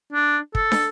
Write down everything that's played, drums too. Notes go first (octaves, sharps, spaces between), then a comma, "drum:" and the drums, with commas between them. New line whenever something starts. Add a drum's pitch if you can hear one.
D4
A4, drum: kick
drum: snare